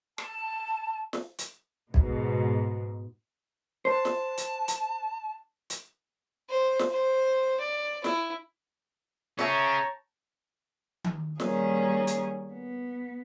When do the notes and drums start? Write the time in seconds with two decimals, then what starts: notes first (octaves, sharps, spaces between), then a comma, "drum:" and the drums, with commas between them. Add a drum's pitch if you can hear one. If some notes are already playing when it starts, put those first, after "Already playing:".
0.18 A5, drum: rim click
1.13 drum: snare
1.39 drum: hi-hat
1.94 G#2 B2, drum: kick B1
3.85 C5 A5
4.05 drum: snare
4.38 drum: hi-hat
4.68 drum: hi-hat
5.70 drum: hi-hat
6.49 C5
6.79 drum: snare
6.91 C5
7.60 D5
8.04 E4, drum: snare
9.39 C#4 G#4 C#5 E5 G5 A5 A#5 C#6, drum: snare
11.04 drum: tom D#3
11.40 D#3 G3 A#3 C#4 G#4, drum: snare
12.07 drum: hi-hat
12.52 B3